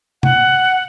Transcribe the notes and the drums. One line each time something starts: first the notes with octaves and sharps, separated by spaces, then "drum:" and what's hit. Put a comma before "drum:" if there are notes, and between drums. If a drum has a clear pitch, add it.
F#5, drum: tom